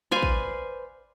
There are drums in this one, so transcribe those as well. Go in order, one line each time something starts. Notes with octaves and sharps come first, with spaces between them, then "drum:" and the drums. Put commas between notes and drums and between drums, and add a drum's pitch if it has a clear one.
B4 C5 D5 F5 G#5
drum: kick